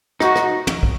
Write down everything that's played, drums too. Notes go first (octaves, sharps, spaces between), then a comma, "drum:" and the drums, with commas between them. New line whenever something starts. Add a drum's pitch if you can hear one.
D#4 F#4, drum: rim click
drum: rim click
drum: tom
drum: kick